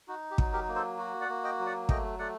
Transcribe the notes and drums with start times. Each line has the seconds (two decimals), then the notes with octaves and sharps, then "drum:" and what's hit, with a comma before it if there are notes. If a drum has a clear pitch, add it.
0.08 D#4 F#4
0.31 G4
0.38 F#3, drum: kick
0.53 G4 A#4
0.69 A#3
0.76 A4 C5
0.98 F#4
1.21 D5 F#5
1.29 A#3
1.44 D#5 G5
1.59 F#3
1.66 D5 F#5
1.89 A3 D#5 G5, drum: kick
2.19 A3 D5 F#5